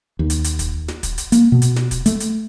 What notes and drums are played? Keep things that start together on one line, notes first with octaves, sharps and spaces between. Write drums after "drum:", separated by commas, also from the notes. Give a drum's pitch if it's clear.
D#2
drum: hi-hat
drum: hi-hat
drum: kick, hi-hat
drum: snare
drum: kick, hi-hat
drum: hi-hat
A#3, drum: hi-hat
B2
drum: hi-hat
drum: snare
drum: kick, hi-hat
A3, drum: hi-hat
drum: hi-hat